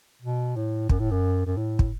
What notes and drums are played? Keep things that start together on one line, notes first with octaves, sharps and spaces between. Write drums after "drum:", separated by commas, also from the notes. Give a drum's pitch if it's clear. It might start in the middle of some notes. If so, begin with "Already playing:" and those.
B2
A2
F#2, drum: kick
A2
F#2
F#2
A2
drum: kick